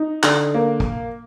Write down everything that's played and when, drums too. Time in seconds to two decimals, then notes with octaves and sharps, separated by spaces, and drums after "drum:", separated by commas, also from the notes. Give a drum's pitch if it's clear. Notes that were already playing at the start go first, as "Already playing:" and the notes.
Already playing: D#4
0.23 D3, drum: clap
0.54 A#3
0.80 drum: kick